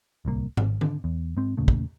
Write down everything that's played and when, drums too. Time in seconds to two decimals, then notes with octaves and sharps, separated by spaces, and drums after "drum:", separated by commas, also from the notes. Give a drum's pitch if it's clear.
0.25 D1 C2 D3 A#3
0.57 G#1, drum: tom G#2
0.81 D3, drum: tom D#3
1.04 E2
1.37 G#2 C4
1.57 E2 A#2 C#3 A3
1.68 drum: kick